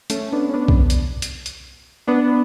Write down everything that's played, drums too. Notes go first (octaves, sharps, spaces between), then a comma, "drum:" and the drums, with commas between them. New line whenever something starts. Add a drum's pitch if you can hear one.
A3 C#4, drum: hi-hat
B3 D4
C#4
B3 D4
drum: kick B1
drum: hi-hat
drum: hi-hat
drum: hi-hat
B3 D4